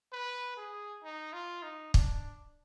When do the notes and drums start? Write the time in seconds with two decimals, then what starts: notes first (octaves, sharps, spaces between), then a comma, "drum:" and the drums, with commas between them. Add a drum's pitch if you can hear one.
0.13 B4
0.57 G#4
1.03 D#4
1.33 F4
1.63 D#4
1.94 D4, drum: kick